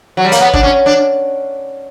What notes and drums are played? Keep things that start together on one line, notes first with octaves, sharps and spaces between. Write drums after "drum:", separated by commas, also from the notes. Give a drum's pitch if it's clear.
F#3
G3
A#3, drum: hi-hat
B3
D4, drum: kick
C#4
D4